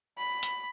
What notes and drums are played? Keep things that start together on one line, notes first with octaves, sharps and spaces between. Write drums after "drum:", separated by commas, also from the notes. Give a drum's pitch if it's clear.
B5
drum: hi-hat